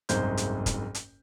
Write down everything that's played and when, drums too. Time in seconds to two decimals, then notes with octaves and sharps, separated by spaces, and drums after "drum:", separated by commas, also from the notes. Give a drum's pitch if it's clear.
0.09 F#1 C2 G#2 C5 G6, drum: hi-hat
0.37 drum: hi-hat
0.66 drum: kick, hi-hat
0.95 drum: hi-hat